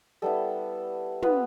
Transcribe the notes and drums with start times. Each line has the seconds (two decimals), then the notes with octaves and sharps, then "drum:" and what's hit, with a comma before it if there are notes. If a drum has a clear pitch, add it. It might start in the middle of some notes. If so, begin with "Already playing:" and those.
0.22 G3 B3 E4 A4
1.22 B3 F4 B4, drum: tom